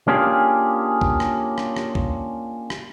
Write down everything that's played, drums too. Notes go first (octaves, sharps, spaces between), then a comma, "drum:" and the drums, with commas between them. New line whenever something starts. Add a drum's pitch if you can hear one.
A#3 C#4 D4 F4 G4 G#4
drum: kick
drum: rim click
drum: rim click
drum: rim click
drum: kick
drum: rim click